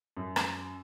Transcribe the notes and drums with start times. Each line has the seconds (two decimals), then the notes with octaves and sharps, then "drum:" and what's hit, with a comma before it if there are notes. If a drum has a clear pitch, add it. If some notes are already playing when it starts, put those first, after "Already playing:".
0.17 F#2
0.36 drum: rim click